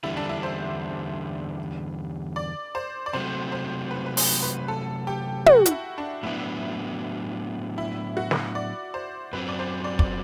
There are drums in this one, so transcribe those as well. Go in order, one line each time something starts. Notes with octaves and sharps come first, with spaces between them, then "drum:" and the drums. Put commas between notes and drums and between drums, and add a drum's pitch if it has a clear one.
E2 D3 G3 E4
D4
E4
C5
D5
C5
D5
C3 F#3 A3 C5
C5
B4
B4
C5, drum: open hi-hat
B4
A4
G4
F#4, drum: tom
F#4, drum: hi-hat
E4
D4
A2 F#3 B3 D4 E4
E4
F#4
drum: snare
D5
C5
F#2 F#3 C4 B4
D5
C5
D5
D5, drum: kick